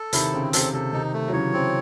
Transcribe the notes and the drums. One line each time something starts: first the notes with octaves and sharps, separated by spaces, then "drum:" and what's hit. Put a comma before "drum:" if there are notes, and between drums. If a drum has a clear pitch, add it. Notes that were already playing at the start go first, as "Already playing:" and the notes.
Already playing: A4
C3 D#3 E4, drum: hi-hat
C#3 C4
C3 A4, drum: hi-hat
C3 A4
C3 D#3 D#4
A3
F#3
C#3 E3 C#5
C#3 E3 C4